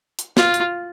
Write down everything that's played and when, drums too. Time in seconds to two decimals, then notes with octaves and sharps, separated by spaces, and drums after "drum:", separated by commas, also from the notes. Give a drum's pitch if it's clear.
0.19 drum: hi-hat
0.37 F4, drum: snare
0.54 drum: hi-hat